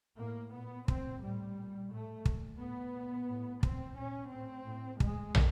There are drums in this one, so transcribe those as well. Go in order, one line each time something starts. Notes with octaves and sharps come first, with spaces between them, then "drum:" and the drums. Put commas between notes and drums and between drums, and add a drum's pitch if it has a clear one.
A2 A#3
A#2 B3
A#2 C4, drum: kick
A2 G3
A#2
A2 A3
A#2, drum: kick
A2 B3
A#2
A2
A#2 C4, drum: kick
A#2 C#4
A2 C4
A2
A2 G#3, drum: kick
drum: tom